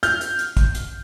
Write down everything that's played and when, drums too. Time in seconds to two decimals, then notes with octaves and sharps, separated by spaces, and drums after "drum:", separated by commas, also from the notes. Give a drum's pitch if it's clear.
0.03 F6 G6, drum: hi-hat
0.21 drum: hi-hat
0.39 drum: hi-hat
0.57 drum: kick, hi-hat
0.75 drum: hi-hat